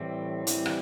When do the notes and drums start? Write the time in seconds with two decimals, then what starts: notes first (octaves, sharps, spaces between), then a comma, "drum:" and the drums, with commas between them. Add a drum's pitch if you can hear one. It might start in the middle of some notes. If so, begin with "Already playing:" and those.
Already playing: A2 E3 G3 C4
0.47 E3 G3 C4, drum: hi-hat
0.66 drum: rim click